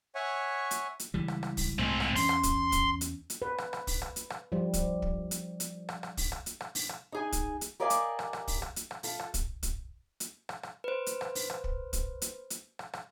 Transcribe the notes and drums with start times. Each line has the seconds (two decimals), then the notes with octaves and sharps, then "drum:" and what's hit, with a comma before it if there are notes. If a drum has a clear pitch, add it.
0.15 C#5 E5 F#5 G#5 C#6
0.71 drum: hi-hat
0.99 drum: hi-hat
1.14 C#2 E3 G3
1.28 drum: rim click
1.43 drum: rim click
1.57 drum: kick, open hi-hat
1.79 C2 A2 G#3 C4
2.00 drum: rim click
2.16 E2 C#4 C6, drum: open hi-hat
2.29 drum: rim click
2.43 drum: kick, hi-hat
2.72 drum: kick, hi-hat
3.01 drum: hi-hat
3.30 drum: hi-hat
3.42 B4
3.58 drum: rim click
3.73 drum: rim click
3.87 drum: kick, open hi-hat
4.02 drum: rim click
4.16 drum: hi-hat
4.30 drum: rim click
4.52 F3 G3
4.74 drum: kick, hi-hat
5.02 drum: kick
5.31 drum: hi-hat
5.60 drum: hi-hat
5.89 drum: rim click
6.03 drum: rim click
6.17 drum: kick, open hi-hat
6.32 drum: rim click
6.46 drum: hi-hat
6.61 drum: rim click
6.75 drum: open hi-hat
6.89 drum: rim click
7.12 D#4 G#4 G#5
7.32 drum: kick, hi-hat
7.61 drum: hi-hat
7.80 G4 A#4 D5 D#5 F5 G#5
7.90 drum: hi-hat
8.19 drum: rim click
8.33 drum: rim click
8.48 drum: kick, open hi-hat
8.62 drum: rim click
8.76 drum: hi-hat
8.91 drum: rim click
9.03 F4 A4, drum: open hi-hat
9.19 drum: rim click
9.34 drum: kick, hi-hat
9.63 drum: kick, hi-hat
10.20 drum: hi-hat
10.49 drum: rim click
10.63 drum: rim click
10.84 B4 C5
11.06 drum: hi-hat
11.21 drum: rim click
11.35 drum: open hi-hat
11.50 drum: rim click
11.64 drum: kick
11.93 drum: kick, hi-hat
12.22 drum: hi-hat
12.50 drum: hi-hat
12.79 drum: rim click
12.93 drum: rim click